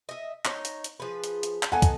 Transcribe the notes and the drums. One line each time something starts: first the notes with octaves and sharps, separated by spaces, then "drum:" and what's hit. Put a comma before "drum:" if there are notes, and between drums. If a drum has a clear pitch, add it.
D#5 E5
D#4 C#5, drum: clap
drum: hi-hat
drum: hi-hat
F3 G#4 B4
drum: hi-hat
drum: hi-hat
drum: clap
B3 D#4 A4 F#5 G#5
drum: kick, hi-hat